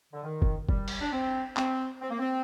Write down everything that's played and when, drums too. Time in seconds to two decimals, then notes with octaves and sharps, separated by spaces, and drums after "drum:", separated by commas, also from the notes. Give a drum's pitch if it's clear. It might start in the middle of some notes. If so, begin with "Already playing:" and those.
0.13 D3
0.24 D#3
0.42 drum: kick F#1
0.69 G3, drum: kick F#1
0.88 drum: cymbal
1.01 D4
1.12 C4
1.56 C4, drum: clap
2.01 C4
2.10 A#3
2.19 C4